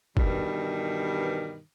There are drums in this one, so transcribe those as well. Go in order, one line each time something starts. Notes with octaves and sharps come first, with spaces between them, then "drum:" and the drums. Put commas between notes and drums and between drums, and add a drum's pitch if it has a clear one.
G2 B2 D#3 E3 G3, drum: kick